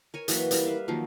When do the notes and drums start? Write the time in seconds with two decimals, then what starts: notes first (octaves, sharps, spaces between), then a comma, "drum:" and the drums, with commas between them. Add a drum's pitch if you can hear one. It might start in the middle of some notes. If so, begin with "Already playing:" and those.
0.14 A#4 C#5 G#5
0.28 E3 F#3 A#3 B4, drum: hi-hat
0.51 G3 E4 A#4, drum: hi-hat
0.66 B4 E5 F5
0.88 D#3 F3 F#3 A#3